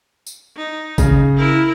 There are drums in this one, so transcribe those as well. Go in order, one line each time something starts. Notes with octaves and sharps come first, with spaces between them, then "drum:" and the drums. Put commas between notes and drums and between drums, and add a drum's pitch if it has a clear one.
drum: tambourine
D#4
C#3, drum: kick G#1, tambourine
E4 A#4